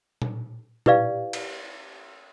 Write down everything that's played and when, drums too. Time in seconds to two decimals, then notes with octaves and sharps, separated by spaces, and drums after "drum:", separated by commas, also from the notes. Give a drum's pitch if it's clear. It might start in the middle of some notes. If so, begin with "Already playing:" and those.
0.22 drum: tom A#2
0.86 E4 G4 B4 D5 F5, drum: tom A#2
1.33 drum: cymbal